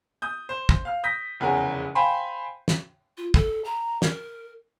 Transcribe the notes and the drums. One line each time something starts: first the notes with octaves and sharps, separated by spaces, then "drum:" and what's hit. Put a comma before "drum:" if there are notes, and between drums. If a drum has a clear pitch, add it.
D#6 G6
C5
drum: kick
F5 F6
D#6 G6 A#6 B6
F1 E2 C#3 A#4 C#5 G#5
C5 F5 G5 G#5 B5 C6
drum: snare
F4
A4, drum: kick
A#5
A#4, drum: snare